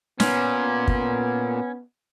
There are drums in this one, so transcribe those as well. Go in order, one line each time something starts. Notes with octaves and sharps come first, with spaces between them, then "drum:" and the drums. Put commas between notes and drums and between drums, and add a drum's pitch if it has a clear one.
A#2 B3 C#4, drum: snare
drum: kick